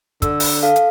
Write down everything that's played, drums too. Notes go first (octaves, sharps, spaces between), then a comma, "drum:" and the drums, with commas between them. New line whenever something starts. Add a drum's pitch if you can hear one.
D3 E6, drum: kick, hi-hat
drum: open hi-hat
A4 F5
drum: hi-hat